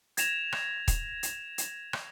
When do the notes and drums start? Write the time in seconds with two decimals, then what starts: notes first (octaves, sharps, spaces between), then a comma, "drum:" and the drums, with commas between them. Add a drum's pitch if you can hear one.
0.17 G#6 A#6 E7 F7, drum: hi-hat
0.52 drum: rim click
0.88 drum: kick D#1, hi-hat
1.23 drum: hi-hat
1.58 drum: hi-hat
1.93 drum: rim click